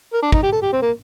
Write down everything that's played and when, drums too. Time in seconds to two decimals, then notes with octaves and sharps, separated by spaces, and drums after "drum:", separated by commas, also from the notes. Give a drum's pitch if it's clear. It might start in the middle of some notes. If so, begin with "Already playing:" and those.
0.13 A#4
0.22 D4
0.32 D#4, drum: kick
0.43 G4
0.52 A4
0.62 G4
0.72 C4
0.82 A#3